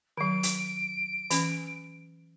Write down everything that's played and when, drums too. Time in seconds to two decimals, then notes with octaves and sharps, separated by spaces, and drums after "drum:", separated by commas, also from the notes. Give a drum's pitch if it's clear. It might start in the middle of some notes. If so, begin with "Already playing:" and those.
0.17 D#3 F#3 D7
0.43 drum: hi-hat
1.30 E3 C#4, drum: hi-hat